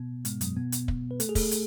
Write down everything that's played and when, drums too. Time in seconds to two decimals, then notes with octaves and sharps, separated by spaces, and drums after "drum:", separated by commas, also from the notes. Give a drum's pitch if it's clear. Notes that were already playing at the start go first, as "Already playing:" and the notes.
Already playing: B2 B3
0.25 G#2 G#3, drum: hi-hat
0.41 F#2 F#3, drum: hi-hat
0.57 B2 B3
0.72 drum: hi-hat
0.88 drum: kick
1.11 B4
1.20 A3 A4, drum: hi-hat
1.29 G#4
1.35 A3 A4, drum: kick, open hi-hat
1.51 drum: hi-hat